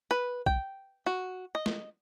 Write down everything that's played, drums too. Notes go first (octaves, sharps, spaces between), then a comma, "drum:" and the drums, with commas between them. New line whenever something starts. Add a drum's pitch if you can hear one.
B4
G5, drum: kick
F#4
D#5
drum: snare